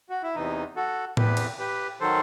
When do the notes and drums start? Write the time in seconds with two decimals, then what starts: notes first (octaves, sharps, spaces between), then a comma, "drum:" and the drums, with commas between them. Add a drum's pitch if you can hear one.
0.10 F#4
0.23 E4
0.35 E2 C3 E3 D#4
0.76 F#4 A4
1.17 E2 C3 E3 G4 B4, drum: tom A2
1.37 drum: cymbal
1.59 G4 B4
2.00 D#3 F#3 A4 C5